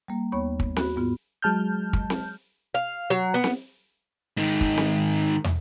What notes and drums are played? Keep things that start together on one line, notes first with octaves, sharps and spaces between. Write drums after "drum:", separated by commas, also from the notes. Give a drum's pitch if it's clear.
G3 A#3
D#2 B3 C#5 B5 C#6
drum: kick
F#4 B5, drum: snare C4
G#2 B3 F4
F#3 G#3 A5 F6 G6
drum: kick
drum: snare C4
F5
F#3
B3
drum: snare C4
G#2 D#3
drum: kick
drum: snare C4
drum: tom